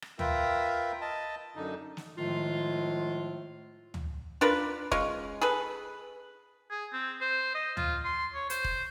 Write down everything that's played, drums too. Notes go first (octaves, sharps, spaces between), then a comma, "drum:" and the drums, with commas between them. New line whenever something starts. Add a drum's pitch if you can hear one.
drum: rim click
F4 A#4 B4 E5 G5, drum: tom
D#5 A5
F#2 D3 D#4
drum: snare
A2 D#3 F3 G#3 A3 F4
drum: tom
D4 F4 A#4 B4
G#3 C#4 F4, drum: kick
G#4 A4 B4
G#4
C4
C5
D#5
F4, drum: tom
C6
C#5
C5, drum: hi-hat
drum: kick